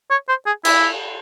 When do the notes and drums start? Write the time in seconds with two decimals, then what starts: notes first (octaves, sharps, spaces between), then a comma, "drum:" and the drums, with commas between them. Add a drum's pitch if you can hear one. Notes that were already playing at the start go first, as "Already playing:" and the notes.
0.11 C#5
0.29 C5
0.46 G#4
0.65 E4, drum: cymbal